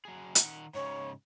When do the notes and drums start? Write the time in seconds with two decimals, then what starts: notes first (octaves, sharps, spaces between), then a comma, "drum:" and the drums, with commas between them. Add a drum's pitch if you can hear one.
0.05 F#3 G#4
0.35 D#3 F#5, drum: hi-hat
0.74 G#2 C#3 C#5